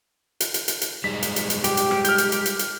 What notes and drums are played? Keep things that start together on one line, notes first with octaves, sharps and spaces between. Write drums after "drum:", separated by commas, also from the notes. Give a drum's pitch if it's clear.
drum: hi-hat
drum: hi-hat
drum: hi-hat
drum: hi-hat
G3 G#3 D#4 B6
drum: hi-hat
drum: hi-hat
drum: hi-hat
G4, drum: hi-hat
drum: hi-hat
drum: rim click
F6 G6, drum: hi-hat
drum: hi-hat
drum: hi-hat
drum: hi-hat
drum: hi-hat